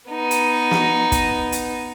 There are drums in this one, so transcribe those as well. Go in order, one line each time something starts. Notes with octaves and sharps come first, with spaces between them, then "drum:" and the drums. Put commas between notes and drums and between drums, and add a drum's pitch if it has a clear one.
B3 D#4
drum: hi-hat
drum: snare
drum: kick, hi-hat
drum: hi-hat